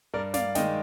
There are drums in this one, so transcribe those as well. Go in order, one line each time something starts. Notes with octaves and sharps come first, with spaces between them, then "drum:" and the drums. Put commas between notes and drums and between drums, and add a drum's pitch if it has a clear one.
G2 A#4 D5
D5 F5, drum: snare
D#3 G#3 D#5 G5, drum: snare